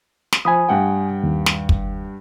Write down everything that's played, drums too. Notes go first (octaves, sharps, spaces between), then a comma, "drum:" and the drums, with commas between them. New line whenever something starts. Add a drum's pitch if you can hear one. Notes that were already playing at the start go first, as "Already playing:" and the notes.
drum: snare
F3 G#5 B5 D#6
G2 F#5 G5
D#2
drum: snare
drum: kick